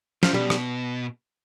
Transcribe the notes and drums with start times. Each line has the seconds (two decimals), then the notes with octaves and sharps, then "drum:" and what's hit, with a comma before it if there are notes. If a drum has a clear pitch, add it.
0.23 F3, drum: snare
0.33 B2 G3
0.50 drum: rim click